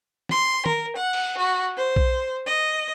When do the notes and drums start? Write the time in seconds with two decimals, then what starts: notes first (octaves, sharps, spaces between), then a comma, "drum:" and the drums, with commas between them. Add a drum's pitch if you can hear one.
0.29 C6, drum: snare
0.66 A#4, drum: tom
0.96 F#5
1.13 drum: cymbal
1.36 F#4
1.76 C5
1.96 drum: kick B1
2.45 D#5